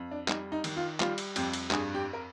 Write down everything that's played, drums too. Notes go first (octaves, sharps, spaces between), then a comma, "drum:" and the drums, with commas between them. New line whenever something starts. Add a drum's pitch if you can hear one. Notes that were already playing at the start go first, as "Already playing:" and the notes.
Already playing: F2
D4
G3 D#4, drum: clap
D#4
D#3, drum: cymbal
F4
G3 F4, drum: clap
drum: cymbal
F2 G4, drum: cymbal
drum: cymbal
G2 G#4, drum: clap
G4
A#4